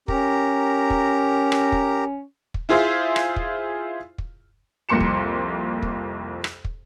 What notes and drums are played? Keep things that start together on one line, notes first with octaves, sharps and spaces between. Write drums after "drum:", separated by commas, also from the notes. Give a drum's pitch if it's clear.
C#4 G4 A#4 A#5, drum: kick
drum: kick
drum: rim click
drum: kick
drum: kick
E4 F4 G#4 C5 E5 F5
drum: rim click
drum: kick
drum: kick
C2 F2 A#3 C6 C#7 E7
drum: kick
drum: kick
drum: rim click
drum: kick